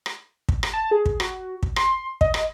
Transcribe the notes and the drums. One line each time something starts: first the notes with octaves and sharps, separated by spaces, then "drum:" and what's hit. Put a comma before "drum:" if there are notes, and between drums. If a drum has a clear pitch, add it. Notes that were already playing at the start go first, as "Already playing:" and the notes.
drum: rim click
drum: kick
drum: rim click
A5
G#4
drum: kick
F#4, drum: rim click
drum: kick
C6, drum: rim click
D#5, drum: kick
drum: rim click